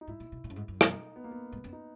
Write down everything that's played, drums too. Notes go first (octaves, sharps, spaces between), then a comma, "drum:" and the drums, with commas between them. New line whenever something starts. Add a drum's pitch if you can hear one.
D#4
G#2 E4
A#2
B2
A#2
F#2
G#2
F#2
D#4, drum: rim click
B3
A#3
B3
G#2
F#2
D#4